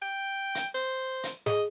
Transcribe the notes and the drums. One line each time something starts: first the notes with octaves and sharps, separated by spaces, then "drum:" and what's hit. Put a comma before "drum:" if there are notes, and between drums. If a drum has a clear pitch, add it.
G5
drum: hi-hat
C5
drum: hi-hat
G#4 D#5, drum: snare